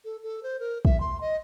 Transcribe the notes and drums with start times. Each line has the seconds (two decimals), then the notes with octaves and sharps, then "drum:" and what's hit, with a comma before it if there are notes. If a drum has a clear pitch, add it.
0.05 A4
0.23 A4
0.43 C5
0.60 A#4
0.85 E5, drum: kick
1.00 C6
1.21 D#5